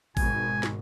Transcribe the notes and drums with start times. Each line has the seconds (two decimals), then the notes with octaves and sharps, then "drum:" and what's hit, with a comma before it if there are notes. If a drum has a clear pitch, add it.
0.17 G#1 G#2 B2 G#5, drum: kick A1, open hi-hat
0.63 drum: snare